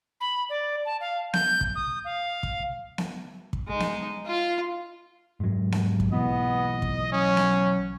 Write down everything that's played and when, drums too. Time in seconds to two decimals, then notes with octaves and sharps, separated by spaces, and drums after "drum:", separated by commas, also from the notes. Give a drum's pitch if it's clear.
0.21 B5
0.50 D5
0.85 A5
1.01 F5
1.33 G6, drum: snare B3
1.61 drum: kick
1.75 D#6
2.05 F5
2.43 drum: kick
2.98 drum: snare B3
3.53 drum: kick
3.68 G#3 D#4
3.80 drum: snare B3
4.26 F4 F5
5.40 G#2 F#3
5.72 drum: snare B3
6.00 drum: kick
6.12 B1 E3 B3 D#5
6.82 drum: kick
7.12 F#3 C#4
7.37 drum: snare B3